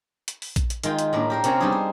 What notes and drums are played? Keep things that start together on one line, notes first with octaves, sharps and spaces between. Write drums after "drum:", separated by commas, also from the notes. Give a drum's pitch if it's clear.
drum: hi-hat
drum: open hi-hat
drum: kick A#1, hi-hat
drum: hi-hat
D#3 G#3 F4 G5, drum: hi-hat
drum: hi-hat
A2 A#3 D4
G4 A#4 C5
C3 C4 C#4 A#4 C#5 B5, drum: hi-hat
G3 B3 D4 D#4 G4 G#4
C5